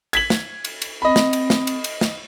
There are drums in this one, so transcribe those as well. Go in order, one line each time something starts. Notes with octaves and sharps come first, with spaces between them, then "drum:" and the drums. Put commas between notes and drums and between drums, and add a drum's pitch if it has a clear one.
G#6 B6 F#7, drum: cymbal
drum: snare
drum: cymbal
drum: cymbal
C4 D#5 B5
drum: snare
drum: cymbal
drum: snare
drum: cymbal
drum: cymbal
drum: snare